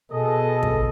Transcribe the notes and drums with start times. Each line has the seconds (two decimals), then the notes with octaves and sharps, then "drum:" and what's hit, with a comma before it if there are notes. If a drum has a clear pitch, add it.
0.12 B2 G#4 A4 D#5
0.63 drum: kick